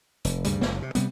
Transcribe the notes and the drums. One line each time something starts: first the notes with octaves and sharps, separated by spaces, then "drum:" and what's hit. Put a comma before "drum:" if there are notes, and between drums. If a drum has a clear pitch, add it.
F1, drum: hi-hat
D2 G2 C#3 G3, drum: hi-hat
F#1, drum: snare
C3
C3 G3 B3, drum: hi-hat